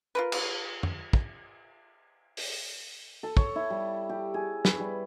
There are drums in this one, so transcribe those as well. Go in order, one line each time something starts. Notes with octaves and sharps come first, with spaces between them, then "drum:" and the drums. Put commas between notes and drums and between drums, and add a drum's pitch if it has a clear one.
F4 A#4 B4
drum: cymbal
drum: tom F2
drum: kick
drum: open hi-hat
A4
C#5, drum: kick
E4
G3
G4
G#4
B4, drum: snare
G3